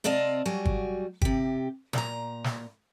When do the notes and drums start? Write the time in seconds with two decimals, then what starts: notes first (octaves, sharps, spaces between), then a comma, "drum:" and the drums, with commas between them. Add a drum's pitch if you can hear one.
0.04 C3 C4 D5 D#5 F5 A5
0.45 F#3 G3 F#4 G#5
0.65 drum: kick
1.22 C3 G4, drum: kick
1.93 A#2 A#5, drum: snare
2.44 drum: snare